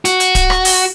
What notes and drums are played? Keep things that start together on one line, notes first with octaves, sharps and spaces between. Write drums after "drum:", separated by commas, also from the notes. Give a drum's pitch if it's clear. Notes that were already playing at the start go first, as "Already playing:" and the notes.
F#4, drum: hi-hat
drum: hi-hat
drum: kick D1, hi-hat
drum: rim click
drum: open hi-hat